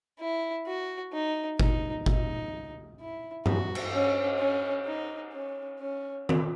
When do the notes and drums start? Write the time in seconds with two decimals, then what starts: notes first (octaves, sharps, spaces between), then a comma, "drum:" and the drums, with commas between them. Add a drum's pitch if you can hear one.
0.20 E4
0.66 F#4
1.13 D#4
1.59 D#4, drum: kick G1
2.06 D#4, drum: kick G1
3.00 E4
3.46 F#4, drum: tom G2
3.75 drum: cymbal
3.93 C#4
4.39 C#4
4.85 D#4
5.33 C#4
5.80 C#4
6.29 drum: tom D#3